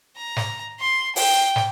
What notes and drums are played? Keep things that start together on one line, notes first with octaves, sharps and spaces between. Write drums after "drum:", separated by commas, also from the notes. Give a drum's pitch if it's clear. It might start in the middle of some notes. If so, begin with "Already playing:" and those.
A#5
drum: snare
C6
G5, drum: open hi-hat
drum: snare